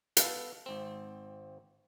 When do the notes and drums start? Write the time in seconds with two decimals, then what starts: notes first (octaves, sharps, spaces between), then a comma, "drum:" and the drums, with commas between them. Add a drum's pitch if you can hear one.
0.17 B3 A4 F5 A5, drum: hi-hat
0.66 G#1 C4